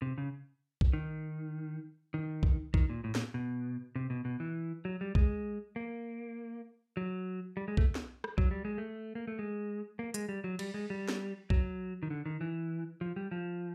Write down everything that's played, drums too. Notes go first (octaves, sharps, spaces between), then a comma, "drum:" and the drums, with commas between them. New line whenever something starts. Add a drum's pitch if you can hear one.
C3
C#3
drum: kick
D#3
D#3
drum: kick
D#3, drum: kick
A#2
A2
A#2, drum: snare
B2
C3
B2
B2
E3
F#3
G3
G#3, drum: kick
A#3
F#3
G3
G#3
A3, drum: kick
drum: snare
drum: rim click
F#3, drum: kick
G3
G#3
A3
A#3
A3
G#3
A#3
G#3, drum: hi-hat
G3
F#3
G3, drum: cymbal
G#3
G3
drum: snare
F#3, drum: kick
D#3
D3
D#3
E3
F3
G3
F3